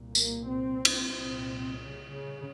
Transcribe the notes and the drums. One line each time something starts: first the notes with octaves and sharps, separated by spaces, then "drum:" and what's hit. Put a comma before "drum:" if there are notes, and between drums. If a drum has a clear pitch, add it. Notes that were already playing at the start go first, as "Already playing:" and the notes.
Already playing: C2 A#2
A#3, drum: tambourine
C4
drum: cymbal
C2 A#2 C4
C#3
C#3